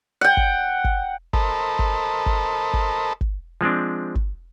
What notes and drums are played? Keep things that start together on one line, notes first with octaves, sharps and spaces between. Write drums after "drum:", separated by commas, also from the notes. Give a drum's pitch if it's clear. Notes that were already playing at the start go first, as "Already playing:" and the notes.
F#5 G5
drum: kick
drum: kick
A4 A#4 C5 D#5 A5 B5, drum: kick
drum: kick
drum: kick
drum: kick
drum: kick
F3 G#3 C4 D4
drum: kick